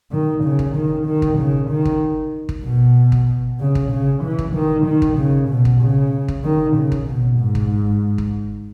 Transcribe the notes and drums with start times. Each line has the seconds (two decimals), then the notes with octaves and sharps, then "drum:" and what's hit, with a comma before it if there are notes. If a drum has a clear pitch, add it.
0.12 D#3
0.44 C#3
0.59 drum: kick
0.75 D#3
1.06 D#3
1.22 drum: kick
1.38 C#3
1.69 D#3
1.85 drum: kick
2.49 drum: kick
2.64 B2
3.12 drum: kick
3.60 C#3
3.75 drum: kick
3.91 C#3
4.23 E3
4.39 drum: kick
4.54 D#3
4.85 D#3
5.02 drum: kick
5.17 C#3
5.49 B2
5.65 drum: kick
5.81 C#3
6.28 drum: kick
6.44 D#3
6.76 C#3
6.92 drum: kick
7.07 B2
7.39 G#2
7.55 drum: kick
8.18 drum: kick